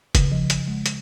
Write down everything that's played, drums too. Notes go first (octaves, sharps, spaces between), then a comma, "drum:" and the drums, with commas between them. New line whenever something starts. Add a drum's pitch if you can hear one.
C#3, drum: kick F#1, hi-hat
F3
drum: hi-hat
G#3
drum: hi-hat